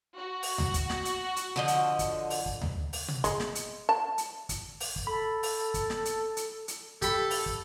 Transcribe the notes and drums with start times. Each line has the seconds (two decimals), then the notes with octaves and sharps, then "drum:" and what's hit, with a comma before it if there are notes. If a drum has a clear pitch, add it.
0.17 F#4
0.43 drum: open hi-hat
0.58 drum: tom D2
0.74 drum: kick, hi-hat
0.90 drum: snare
1.05 drum: hi-hat
1.36 drum: hi-hat
1.56 D3 F3 D#5
1.68 drum: hi-hat
1.99 drum: kick, hi-hat
2.30 drum: open hi-hat
2.46 drum: kick
2.61 drum: tom D2
2.93 drum: open hi-hat
3.08 drum: tom B2
3.24 G#3, drum: kick, hi-hat
3.40 drum: snare
3.55 drum: hi-hat
3.89 A5
4.18 drum: hi-hat
4.49 drum: kick, hi-hat
4.80 drum: open hi-hat
4.96 drum: kick
5.07 A4 B5
5.43 drum: open hi-hat
5.74 drum: kick, hi-hat
5.90 drum: snare
6.05 drum: hi-hat
6.37 drum: hi-hat
6.68 drum: hi-hat
7.02 G4 A4 B5, drum: kick, hi-hat
7.30 drum: open hi-hat
7.46 drum: kick